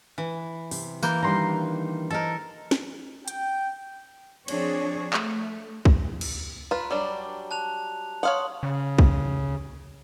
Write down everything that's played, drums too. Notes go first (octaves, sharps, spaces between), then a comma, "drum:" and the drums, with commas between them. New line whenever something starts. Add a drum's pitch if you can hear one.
E3
C3, drum: open hi-hat
E3 A#3 G6, drum: tambourine
D#3 G3 D4 A#5 C6
A4 A#4 C5 D#5 A5
drum: snare
G5, drum: hi-hat
F3 C4 D4 G#4 C#5, drum: cymbal
A3, drum: clap
drum: kick
drum: cymbal
F4 B4 A#5
F#3 G3 D4
A5 F#6 F7
C#5 F5 F#5 C6 D#6 F#7
C#3
drum: kick